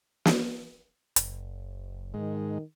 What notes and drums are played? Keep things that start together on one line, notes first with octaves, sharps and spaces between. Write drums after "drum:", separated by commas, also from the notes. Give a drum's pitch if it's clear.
drum: snare
F#1, drum: hi-hat
G#2 D#3 G#3